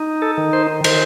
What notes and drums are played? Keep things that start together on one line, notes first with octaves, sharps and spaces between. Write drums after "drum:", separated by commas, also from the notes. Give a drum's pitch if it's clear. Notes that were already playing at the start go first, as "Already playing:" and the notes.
Already playing: D#4
A4
D#3
C5
D#3 C5, drum: cymbal